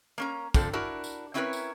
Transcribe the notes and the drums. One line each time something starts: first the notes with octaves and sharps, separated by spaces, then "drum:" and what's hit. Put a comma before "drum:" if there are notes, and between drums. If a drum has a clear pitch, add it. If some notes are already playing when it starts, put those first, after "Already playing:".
A#3 C#4 A#5
D3 F3 C4 A4, drum: kick, tambourine
D4 E4 F#4 A#4
drum: tambourine
C4 C#4 E4 A#4 B4 C#5
drum: tambourine